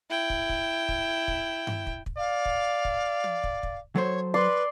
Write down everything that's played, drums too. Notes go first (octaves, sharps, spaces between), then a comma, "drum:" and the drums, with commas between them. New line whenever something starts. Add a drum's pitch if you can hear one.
E4 G5
drum: kick
drum: kick
drum: kick
drum: kick
drum: tom G2
drum: kick
drum: kick
D5 F5
drum: kick
drum: kick
drum: tom
drum: kick
drum: kick
F#3 A4 C5 C#5
B4 D5 C6